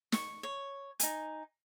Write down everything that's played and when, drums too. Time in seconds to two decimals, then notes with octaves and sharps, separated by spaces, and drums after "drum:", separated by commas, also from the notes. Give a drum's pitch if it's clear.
0.12 C#6, drum: snare
0.43 C#5
1.00 D#4 G#5, drum: hi-hat